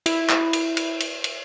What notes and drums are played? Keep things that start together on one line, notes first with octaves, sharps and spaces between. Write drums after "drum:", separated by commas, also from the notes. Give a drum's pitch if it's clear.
E4, drum: cymbal
drum: clap
drum: cymbal
drum: cymbal
drum: cymbal
drum: cymbal